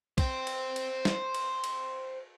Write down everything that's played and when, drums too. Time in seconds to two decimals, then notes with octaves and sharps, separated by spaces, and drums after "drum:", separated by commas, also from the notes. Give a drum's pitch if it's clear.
0.18 C5 G5, drum: kick, cymbal
0.47 drum: cymbal
0.76 drum: cymbal
1.05 drum: snare
1.34 drum: cymbal
1.64 drum: cymbal